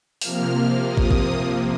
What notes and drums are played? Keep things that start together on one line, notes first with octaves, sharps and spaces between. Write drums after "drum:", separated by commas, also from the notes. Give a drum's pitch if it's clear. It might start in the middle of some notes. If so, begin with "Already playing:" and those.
C3 F3 A#3 F6, drum: open hi-hat
D#6
drum: kick
drum: kick